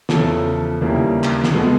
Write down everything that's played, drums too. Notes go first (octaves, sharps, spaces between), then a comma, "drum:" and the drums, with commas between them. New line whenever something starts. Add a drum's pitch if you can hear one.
E2 C#3 F3 A4, drum: snare
D#2 C#3 E3 G3 A#3
drum: clap
drum: snare
B2 G#3 B3 A4